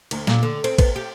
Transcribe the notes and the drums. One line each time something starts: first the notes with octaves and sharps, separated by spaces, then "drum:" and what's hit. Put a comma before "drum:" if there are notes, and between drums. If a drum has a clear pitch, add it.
D2, drum: cymbal
A#2, drum: snare
D3
C4, drum: cymbal
B3, drum: kick, cymbal
G4